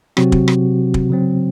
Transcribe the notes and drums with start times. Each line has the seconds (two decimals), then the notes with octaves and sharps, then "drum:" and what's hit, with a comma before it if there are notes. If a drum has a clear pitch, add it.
0.17 C3 F#3 C4 F#4, drum: rim click
0.32 drum: kick
0.48 drum: rim click
0.94 drum: kick
1.10 C#3 F#3 C4